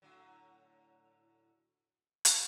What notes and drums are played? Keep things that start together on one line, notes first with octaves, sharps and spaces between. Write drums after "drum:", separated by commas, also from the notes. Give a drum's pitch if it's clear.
A2 D3 F#3
drum: hi-hat